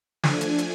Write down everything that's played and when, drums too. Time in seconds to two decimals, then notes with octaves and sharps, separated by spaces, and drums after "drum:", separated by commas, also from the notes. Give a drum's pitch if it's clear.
0.23 F3 A3 D4 G#5, drum: snare
0.41 drum: hi-hat
0.58 drum: hi-hat